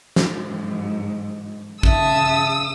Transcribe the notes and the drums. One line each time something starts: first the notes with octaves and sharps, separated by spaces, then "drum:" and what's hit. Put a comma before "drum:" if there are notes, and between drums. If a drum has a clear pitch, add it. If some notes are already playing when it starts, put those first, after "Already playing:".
drum: snare
G#2
C#3 E5 A5 D#6 E6, drum: kick